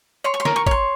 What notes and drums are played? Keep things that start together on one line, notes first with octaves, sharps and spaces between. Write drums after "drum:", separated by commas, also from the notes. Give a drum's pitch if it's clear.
C#5 C6
C#6
C6
A#4, drum: snare
C#6
C#5 C6, drum: kick